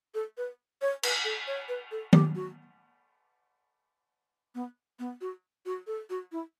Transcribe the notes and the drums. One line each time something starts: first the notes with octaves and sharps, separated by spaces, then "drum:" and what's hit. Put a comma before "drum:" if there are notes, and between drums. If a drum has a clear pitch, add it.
A4
B4
C#5
B4, drum: cymbal
A4
C#5
B4
A4
G4, drum: tom D#3
F#4
B3
B3
F#4
F#4
A4
F#4
E4